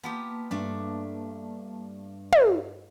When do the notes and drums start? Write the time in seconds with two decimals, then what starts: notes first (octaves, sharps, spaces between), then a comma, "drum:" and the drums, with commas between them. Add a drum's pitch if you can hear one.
0.03 A#3 B3 F4 G4 A5
0.51 G2 A3 D4
2.32 drum: tom